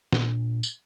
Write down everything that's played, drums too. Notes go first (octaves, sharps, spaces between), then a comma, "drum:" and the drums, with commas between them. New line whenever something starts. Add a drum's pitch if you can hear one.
A#2 D4, drum: snare
drum: tambourine